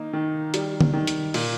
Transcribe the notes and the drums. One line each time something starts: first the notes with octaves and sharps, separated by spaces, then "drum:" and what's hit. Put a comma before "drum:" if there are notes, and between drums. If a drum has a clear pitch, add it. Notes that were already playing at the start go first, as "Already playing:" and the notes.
Already playing: D#3 A#3 D#4
D#3
G3, drum: hi-hat
drum: tom D3
D#3
drum: hi-hat
A#2, drum: open hi-hat